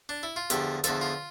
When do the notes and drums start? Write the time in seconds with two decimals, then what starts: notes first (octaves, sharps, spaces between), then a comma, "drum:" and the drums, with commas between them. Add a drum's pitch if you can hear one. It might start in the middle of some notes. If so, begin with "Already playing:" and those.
0.09 D4
0.23 E4
0.36 F4
0.50 E2 D3 F3 G4, drum: hi-hat
0.84 E2 D3 F3 A4, drum: hi-hat
1.01 F4